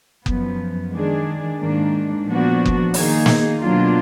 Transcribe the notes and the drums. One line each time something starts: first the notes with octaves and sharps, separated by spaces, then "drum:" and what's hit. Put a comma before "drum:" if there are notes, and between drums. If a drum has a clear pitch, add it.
F#2 F3 B3, drum: kick F#1
D#3 G#3 D4 G#4
G#2 D#3 A#3 D4
A#2 F3 B3 D4 F#4
drum: kick F#1
D#3 A#3 D#4 G#4, drum: open hi-hat
drum: snare
B2 F#3 A#3 D4 F4